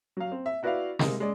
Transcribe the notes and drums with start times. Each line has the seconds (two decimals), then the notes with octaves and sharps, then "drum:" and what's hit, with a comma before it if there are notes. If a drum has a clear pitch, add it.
0.17 F#3 F5
0.32 C4
0.46 E5
0.63 E4 F#4 B4 D5 E5 F5
0.99 C3 G#3 A#3 D#4, drum: snare
1.20 G#3 C#4 D5